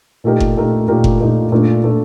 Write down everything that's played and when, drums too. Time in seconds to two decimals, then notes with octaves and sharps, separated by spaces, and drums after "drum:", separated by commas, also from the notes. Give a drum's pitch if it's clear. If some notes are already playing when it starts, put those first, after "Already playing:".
0.24 A#2 A3 D#4 G4 A#4
0.40 drum: kick F#1
0.56 A#2 A3 D#4 G4 A#4
0.88 A#2 A3 D#4 G4 A#4
1.04 drum: kick F#1
1.20 A#2 A3 D#4 G4 A#4
1.52 A#2 A3 D4 A4
1.84 A#2 A3 D4 A4